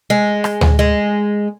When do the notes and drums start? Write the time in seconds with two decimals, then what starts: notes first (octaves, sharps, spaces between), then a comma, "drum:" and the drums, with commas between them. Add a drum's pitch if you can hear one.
0.10 G#3
0.44 drum: rim click
0.61 drum: tom D2
0.79 G#3